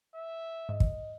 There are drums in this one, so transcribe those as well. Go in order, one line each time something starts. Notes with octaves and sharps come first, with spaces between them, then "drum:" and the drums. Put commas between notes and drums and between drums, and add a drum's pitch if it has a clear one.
E5
G#2 D#5
drum: kick